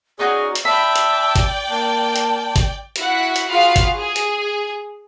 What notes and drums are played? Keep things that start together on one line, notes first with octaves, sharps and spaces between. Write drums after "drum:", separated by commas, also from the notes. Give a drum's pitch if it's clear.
C#4 D#4 F#4 G#4 D5
drum: hi-hat
D5 E5 G5 A5 B5
drum: hi-hat
drum: kick G#1, hi-hat
A#3 A5
drum: hi-hat
drum: kick G#1, hi-hat
E4 F#4 F#5 B6, drum: hi-hat
drum: hi-hat
F4 F#4 G#4 F5 B5
drum: kick G#1, hi-hat
G#4
drum: hi-hat